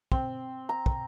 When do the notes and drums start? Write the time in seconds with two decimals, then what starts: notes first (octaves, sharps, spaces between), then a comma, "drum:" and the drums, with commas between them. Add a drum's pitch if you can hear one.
0.12 C4, drum: kick
0.69 A#5
0.86 drum: kick